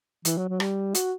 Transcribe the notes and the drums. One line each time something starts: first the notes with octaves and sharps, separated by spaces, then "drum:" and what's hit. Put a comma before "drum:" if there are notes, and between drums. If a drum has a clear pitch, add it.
E3, drum: hi-hat
F#3
F#3
G3, drum: rim click
F#4, drum: hi-hat